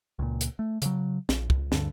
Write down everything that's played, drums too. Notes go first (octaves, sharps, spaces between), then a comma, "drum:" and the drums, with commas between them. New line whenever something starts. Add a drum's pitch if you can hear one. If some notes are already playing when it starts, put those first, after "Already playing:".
C#2 A#2
drum: hi-hat
A3
C#3 F#3, drum: hi-hat
A#1, drum: snare
C#2, drum: kick
D2 G2 D3, drum: snare